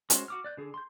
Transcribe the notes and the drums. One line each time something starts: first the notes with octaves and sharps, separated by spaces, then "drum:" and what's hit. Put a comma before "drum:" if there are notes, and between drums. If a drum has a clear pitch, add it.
G#3 C#4 F#4 C5, drum: hi-hat
F#4 D6 F6
D5 F#6 G6
D3 G#4
C6 G6